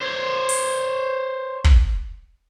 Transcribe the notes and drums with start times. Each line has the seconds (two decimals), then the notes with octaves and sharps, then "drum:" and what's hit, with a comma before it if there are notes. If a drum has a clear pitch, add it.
0.01 C5 C#5
0.49 drum: open hi-hat
1.64 drum: kick